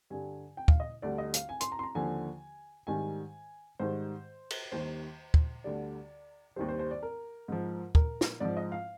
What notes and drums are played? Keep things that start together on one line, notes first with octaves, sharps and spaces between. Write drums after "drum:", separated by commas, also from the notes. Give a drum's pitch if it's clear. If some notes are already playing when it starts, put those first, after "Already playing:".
G2 D3 G3 G#5
G5
F5, drum: kick
D#5
D2 D3 G3 D5
D#5
F5, drum: hi-hat
G#5
C6, drum: hi-hat
A#5
C6
A#5
D#2 D3 F3 G#5
G#2 D#3 G3 G#5
G#2 D#3 G3 C5
drum: cymbal
D#2 D#3 G3 C5
drum: kick
D2 D3 G3 D5
D#2 D#3 G3 C5
C5
C5
D5
A#4
G#2 F3
A#4, drum: kick
drum: snare
G#2 F3 D5
D#5
F5